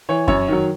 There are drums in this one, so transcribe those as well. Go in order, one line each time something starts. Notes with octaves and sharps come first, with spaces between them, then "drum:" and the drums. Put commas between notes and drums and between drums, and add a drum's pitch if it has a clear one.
E3 C#5
F#2 C#5, drum: kick F#2
D#3 F#3